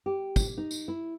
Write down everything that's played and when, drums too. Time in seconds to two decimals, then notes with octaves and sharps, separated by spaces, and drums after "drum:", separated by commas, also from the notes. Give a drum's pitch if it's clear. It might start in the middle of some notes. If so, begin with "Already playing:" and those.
0.06 G4
0.36 drum: kick, tambourine
0.58 D#4
0.71 drum: tambourine
0.88 E4